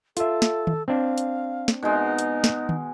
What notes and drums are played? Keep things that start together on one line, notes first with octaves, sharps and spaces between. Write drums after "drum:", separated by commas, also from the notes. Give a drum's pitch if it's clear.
F4 A4 E5, drum: hi-hat
drum: snare
drum: tom D#3
C4 D4 F5
drum: hi-hat
drum: snare
B2 G#3 D#4
drum: hi-hat
drum: snare
drum: tom D#3